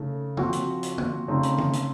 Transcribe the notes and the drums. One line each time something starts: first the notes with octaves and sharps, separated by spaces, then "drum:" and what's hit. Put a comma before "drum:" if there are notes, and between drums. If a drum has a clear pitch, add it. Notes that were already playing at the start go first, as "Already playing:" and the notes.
Already playing: C#3 A3 D#4 A4
F3 C4 F#4, drum: tom
drum: hi-hat
drum: hi-hat
drum: tom
C#3 A3 C4 D#4
drum: hi-hat
drum: tom
drum: hi-hat